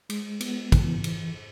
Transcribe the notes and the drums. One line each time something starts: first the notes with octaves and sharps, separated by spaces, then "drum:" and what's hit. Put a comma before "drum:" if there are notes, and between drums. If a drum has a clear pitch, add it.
G#3, drum: cymbal
B3, drum: cymbal
E3, drum: kick, cymbal
drum: cymbal